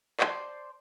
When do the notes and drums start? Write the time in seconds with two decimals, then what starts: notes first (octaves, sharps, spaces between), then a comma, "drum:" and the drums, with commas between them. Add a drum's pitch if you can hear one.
0.20 C5 D5 A5 C6, drum: clap